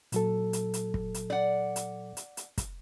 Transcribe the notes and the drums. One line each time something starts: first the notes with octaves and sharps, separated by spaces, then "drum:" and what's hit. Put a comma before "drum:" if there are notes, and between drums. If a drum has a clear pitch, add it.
A#2 F#3 A4, drum: hi-hat
drum: hi-hat
drum: hi-hat
drum: kick
drum: hi-hat
D5 F#5
drum: hi-hat
drum: hi-hat
drum: hi-hat
drum: kick, hi-hat